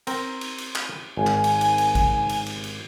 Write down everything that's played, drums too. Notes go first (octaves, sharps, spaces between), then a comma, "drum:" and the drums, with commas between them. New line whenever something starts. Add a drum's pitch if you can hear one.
C4 A#4, drum: cymbal
drum: cymbal
drum: cymbal
drum: clap
G#1 G#5
drum: clap
drum: cymbal
drum: cymbal
drum: cymbal
drum: kick G#1, cymbal
drum: cymbal
drum: cymbal
drum: cymbal